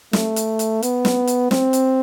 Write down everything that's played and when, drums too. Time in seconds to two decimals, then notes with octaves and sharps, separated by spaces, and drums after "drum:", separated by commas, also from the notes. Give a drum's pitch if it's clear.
0.13 A3, drum: snare
0.36 drum: hi-hat
0.59 drum: hi-hat
0.82 B3, drum: hi-hat
1.05 drum: snare
1.27 drum: hi-hat
1.51 C4, drum: snare
1.73 drum: hi-hat